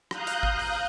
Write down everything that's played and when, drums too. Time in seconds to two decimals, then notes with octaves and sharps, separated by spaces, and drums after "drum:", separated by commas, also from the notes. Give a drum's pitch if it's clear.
0.11 F5 A#5 D#6 F#6 G6, drum: rim click
0.27 drum: hi-hat
0.43 drum: kick G#1
0.59 drum: open hi-hat